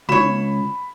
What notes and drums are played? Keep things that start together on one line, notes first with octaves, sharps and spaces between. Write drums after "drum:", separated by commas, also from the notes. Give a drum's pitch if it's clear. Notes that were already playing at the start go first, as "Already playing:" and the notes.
C#2 C#5 B5 E7, drum: tom